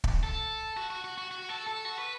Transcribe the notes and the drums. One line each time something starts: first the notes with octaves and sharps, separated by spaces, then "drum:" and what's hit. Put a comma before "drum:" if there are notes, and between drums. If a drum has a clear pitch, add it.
drum: kick
A4
F#4
F#4
F#4
F#4
F#4
A4
A4
F#4
B4